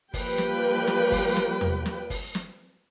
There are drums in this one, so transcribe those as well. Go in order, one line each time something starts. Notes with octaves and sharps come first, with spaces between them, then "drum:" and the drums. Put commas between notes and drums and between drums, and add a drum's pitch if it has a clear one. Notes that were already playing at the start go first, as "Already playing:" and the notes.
F3 G3 A#3 G4 B4 G5, drum: kick, open hi-hat
drum: snare
drum: snare
drum: kick, open hi-hat
drum: snare
drum: tom E2
drum: snare
drum: kick, open hi-hat
drum: snare